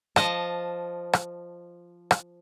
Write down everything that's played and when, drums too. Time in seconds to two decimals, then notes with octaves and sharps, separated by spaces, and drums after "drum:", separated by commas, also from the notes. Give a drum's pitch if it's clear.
0.16 F3 D#5 A5, drum: rim click
1.13 drum: rim click
2.11 drum: rim click